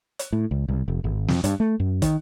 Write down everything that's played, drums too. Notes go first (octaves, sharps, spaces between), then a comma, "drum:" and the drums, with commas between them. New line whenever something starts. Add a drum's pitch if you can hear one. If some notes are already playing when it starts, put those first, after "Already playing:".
drum: hi-hat
A2
C#2
C2
F1
G#1
F2, drum: snare
G2, drum: hi-hat
A3
F#2
D#3, drum: kick, hi-hat